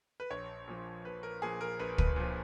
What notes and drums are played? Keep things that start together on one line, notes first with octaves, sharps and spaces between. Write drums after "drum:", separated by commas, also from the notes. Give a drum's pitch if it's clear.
B4
A#1 C#5
A#2 F3
A#1 B4
A#4
A#2 F3 G#4
A#4
A#1 B4
B4, drum: kick
A#2 F3